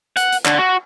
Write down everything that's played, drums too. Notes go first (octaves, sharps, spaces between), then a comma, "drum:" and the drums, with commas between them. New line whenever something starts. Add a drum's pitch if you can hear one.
F#5, drum: hi-hat
drum: hi-hat
D3, drum: clap
F#4